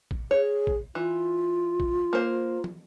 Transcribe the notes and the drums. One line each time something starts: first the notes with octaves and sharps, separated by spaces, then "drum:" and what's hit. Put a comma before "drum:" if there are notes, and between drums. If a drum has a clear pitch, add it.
drum: kick
G#4 C#5
drum: kick
E3 F4
drum: kick
A#3 C5
drum: tom